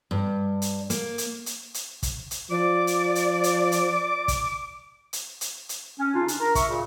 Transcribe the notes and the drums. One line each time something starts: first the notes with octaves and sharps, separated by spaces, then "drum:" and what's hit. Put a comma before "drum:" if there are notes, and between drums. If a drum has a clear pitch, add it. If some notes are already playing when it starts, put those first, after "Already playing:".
G2
drum: hi-hat
A#3, drum: hi-hat
drum: hi-hat
drum: hi-hat
drum: hi-hat
drum: kick, hi-hat
drum: hi-hat
F3 D5 D6
drum: hi-hat
drum: hi-hat
drum: hi-hat
drum: hi-hat
drum: kick, hi-hat
drum: hi-hat
drum: hi-hat
drum: hi-hat
C#4
C#3 D4 D#4 F4
D4, drum: hi-hat
A#4 A#5
E5 C#6, drum: kick, hi-hat
A#2 C#3